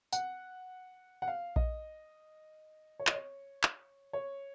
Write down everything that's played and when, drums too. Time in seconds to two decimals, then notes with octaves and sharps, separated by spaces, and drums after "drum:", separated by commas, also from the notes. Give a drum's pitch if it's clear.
0.13 F#5, drum: tambourine
1.22 F#5
1.28 F5
1.56 D#5, drum: kick A#1
3.00 C#5
3.07 D#5, drum: clap
3.14 C#5
3.63 drum: clap
4.13 C#5